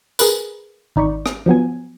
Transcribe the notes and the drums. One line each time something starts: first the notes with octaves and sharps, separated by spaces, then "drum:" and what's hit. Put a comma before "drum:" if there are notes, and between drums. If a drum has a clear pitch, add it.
G#4 A#4 B4, drum: tambourine
G#1 D#4 D5 B5 C#6
drum: rim click
F3 F#3 B3 G#5